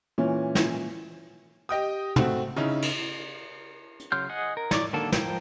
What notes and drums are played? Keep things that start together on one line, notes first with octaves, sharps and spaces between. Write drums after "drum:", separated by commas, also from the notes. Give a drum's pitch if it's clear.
A#2 E3 C#4
drum: snare
G4 D#5 G5 D#6
A3 C4 F#4, drum: tom
C#3 C#4 D#4 E4
drum: cymbal
drum: hi-hat
C#3 F#3 C6 F6 G6
G#4 D#5 F#5
A#4
C#5 D5 C#6 D6, drum: snare
D3 D#3 F#3 A#3 A4
F3 A#4 G5, drum: snare